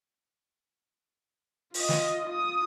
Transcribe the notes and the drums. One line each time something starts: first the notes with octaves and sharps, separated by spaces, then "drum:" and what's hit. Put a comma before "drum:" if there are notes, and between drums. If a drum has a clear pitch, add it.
F4 D#5, drum: open hi-hat
drum: snare
F4 D#6